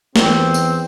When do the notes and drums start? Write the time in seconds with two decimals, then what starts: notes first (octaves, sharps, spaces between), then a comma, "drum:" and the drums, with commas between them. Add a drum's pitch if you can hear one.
0.16 E2 C4, drum: snare
0.54 drum: tambourine